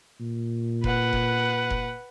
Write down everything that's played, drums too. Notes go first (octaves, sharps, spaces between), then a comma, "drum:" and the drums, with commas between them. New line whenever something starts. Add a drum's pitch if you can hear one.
A#2
B4 F#5, drum: kick F1
drum: kick F1
drum: kick F1